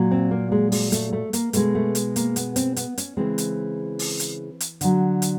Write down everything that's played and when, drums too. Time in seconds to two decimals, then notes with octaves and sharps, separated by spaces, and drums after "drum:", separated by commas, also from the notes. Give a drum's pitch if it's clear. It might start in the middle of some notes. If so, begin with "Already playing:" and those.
Already playing: A#2 F#3
0.11 C4
0.31 A#3
0.52 G#3
0.72 G#3, drum: open hi-hat
0.92 A3, drum: hi-hat
1.13 A3
1.33 A#3, drum: hi-hat
1.53 B2 G#3 A3, drum: hi-hat
1.75 A3
1.95 drum: hi-hat
2.16 A#3, drum: hi-hat
2.36 B3, drum: hi-hat
2.56 C4, drum: hi-hat
2.76 B3, drum: hi-hat
2.98 C#4, drum: hi-hat
3.17 C#3 E3 G#3 C4
3.38 drum: hi-hat
3.99 drum: open hi-hat
4.20 drum: hi-hat
4.60 drum: hi-hat
4.81 D3 F#3, drum: hi-hat
5.22 drum: hi-hat